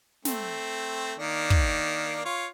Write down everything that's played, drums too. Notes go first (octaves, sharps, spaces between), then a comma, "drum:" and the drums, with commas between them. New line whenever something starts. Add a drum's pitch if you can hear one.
A3 C4, drum: snare
D#3 A#3 D4
drum: kick
F4 C#5